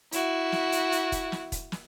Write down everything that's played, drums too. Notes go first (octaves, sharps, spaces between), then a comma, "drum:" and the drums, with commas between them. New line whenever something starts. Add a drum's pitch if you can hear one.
E4 F#4, drum: hi-hat
drum: snare
drum: hi-hat
drum: hi-hat
drum: kick E1, hi-hat
drum: snare
drum: kick E1, hi-hat
drum: snare